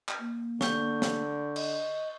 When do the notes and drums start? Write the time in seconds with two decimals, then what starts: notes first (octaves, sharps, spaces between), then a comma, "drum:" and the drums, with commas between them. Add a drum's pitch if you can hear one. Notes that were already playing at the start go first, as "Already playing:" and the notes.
0.09 drum: clap
0.20 A#3
0.61 D3 C#6 G6, drum: snare
1.02 drum: snare
1.56 D#5, drum: cymbal